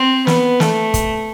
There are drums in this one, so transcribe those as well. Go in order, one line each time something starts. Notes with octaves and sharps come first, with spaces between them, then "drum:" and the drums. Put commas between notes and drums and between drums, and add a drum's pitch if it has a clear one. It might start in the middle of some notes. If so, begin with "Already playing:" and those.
Already playing: C4
B3, drum: snare
A3, drum: snare
drum: kick, hi-hat